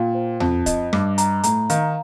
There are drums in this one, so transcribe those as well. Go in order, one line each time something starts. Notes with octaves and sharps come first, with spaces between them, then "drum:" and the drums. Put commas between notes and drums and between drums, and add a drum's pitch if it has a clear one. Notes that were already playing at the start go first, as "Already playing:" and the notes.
Already playing: A#2 F5 G5
C5
F2 A5, drum: tom E2
D#5, drum: kick D1, hi-hat
G2 D6, drum: rim click
A#5, drum: hi-hat
A2 A#5, drum: hi-hat
D#3 F5, drum: hi-hat